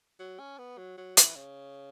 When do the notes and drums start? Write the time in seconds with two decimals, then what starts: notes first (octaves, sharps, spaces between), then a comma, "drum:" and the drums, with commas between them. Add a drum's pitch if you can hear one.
0.19 F#3
0.39 C#4
0.58 B3
0.78 F#3
0.97 F#3
1.17 E3, drum: hi-hat
1.36 C#3